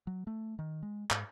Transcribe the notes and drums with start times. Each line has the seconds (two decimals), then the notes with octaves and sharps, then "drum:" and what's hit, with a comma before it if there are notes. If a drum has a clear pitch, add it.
0.07 F#3
0.27 A3
0.59 D#3
0.83 G#3
1.11 G#2, drum: clap